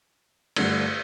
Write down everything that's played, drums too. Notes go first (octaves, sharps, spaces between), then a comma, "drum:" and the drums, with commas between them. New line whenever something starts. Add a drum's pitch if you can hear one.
G2 D3 A3, drum: cymbal